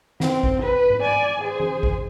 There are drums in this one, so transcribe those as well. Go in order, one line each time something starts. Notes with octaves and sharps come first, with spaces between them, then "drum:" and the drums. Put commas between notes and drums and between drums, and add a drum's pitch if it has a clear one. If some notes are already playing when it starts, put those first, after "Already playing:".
C4, drum: snare
drum: kick A1
B4
drum: tom G#2
D5 G#5
G#4 C5
drum: tom E3
drum: kick A1